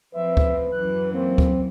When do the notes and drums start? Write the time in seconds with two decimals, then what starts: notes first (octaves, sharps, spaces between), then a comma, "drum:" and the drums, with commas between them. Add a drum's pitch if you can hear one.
0.14 F3 C4 B4 E5
0.37 drum: kick
0.72 F#2 E3 F#3 F#6
1.13 A#3 C4
1.38 drum: kick